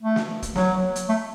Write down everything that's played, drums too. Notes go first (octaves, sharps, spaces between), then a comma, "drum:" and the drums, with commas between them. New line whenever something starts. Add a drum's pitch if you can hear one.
A3
drum: snare
drum: kick, hi-hat
F#3, drum: snare
drum: hi-hat
A3